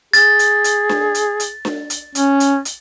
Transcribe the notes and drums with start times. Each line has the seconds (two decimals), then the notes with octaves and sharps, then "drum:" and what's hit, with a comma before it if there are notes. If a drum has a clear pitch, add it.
0.13 G#4 A6, drum: hi-hat
0.39 drum: hi-hat
0.64 drum: hi-hat
0.89 drum: snare D4
1.15 drum: hi-hat
1.40 drum: hi-hat
1.65 drum: snare D4
1.90 drum: hi-hat
2.15 C#4, drum: hi-hat
2.40 drum: hi-hat
2.65 drum: hi-hat